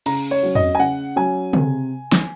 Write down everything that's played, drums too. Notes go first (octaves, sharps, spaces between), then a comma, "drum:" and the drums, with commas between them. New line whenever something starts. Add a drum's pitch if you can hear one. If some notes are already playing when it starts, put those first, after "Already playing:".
C#3 A#5, drum: cymbal
C#5
F#3 C#4
D#5, drum: tom E2
G#5
C#3 F#5
F#3 C#4 G#5
C3, drum: tom C#3
drum: snare